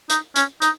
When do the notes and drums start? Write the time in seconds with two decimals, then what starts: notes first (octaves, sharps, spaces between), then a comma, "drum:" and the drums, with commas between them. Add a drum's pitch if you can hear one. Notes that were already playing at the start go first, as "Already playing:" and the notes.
0.10 D#4, drum: hi-hat
0.36 C#4, drum: hi-hat
0.62 D#4, drum: hi-hat